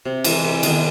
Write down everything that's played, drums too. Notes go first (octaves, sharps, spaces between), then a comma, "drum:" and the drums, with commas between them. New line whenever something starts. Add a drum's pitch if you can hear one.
C3
E3 G#3, drum: cymbal
C3
D#3 G#3 B3, drum: cymbal